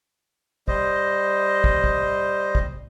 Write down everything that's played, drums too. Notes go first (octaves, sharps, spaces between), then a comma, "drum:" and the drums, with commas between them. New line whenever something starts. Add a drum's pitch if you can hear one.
G3 C5 D#5, drum: kick
drum: kick
drum: kick
drum: kick